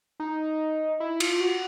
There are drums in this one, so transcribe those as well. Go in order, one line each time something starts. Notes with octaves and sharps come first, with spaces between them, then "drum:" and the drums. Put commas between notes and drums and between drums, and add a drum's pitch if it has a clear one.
D#4
E4
F4, drum: cymbal
F#4